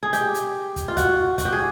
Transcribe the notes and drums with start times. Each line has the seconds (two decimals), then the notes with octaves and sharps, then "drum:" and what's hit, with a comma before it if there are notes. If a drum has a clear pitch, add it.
0.03 G#4
0.13 G4, drum: hi-hat
0.34 drum: hi-hat
0.76 drum: kick, hi-hat
0.88 F4
0.97 F#4, drum: kick, hi-hat
1.38 F#4, drum: kick, hi-hat
1.45 G4
1.53 G#4